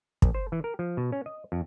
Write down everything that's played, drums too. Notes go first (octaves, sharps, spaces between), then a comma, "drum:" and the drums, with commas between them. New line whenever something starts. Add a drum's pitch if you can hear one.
A#1, drum: kick
C5
E3
A#4
F3
B2
C#4
D#5
F2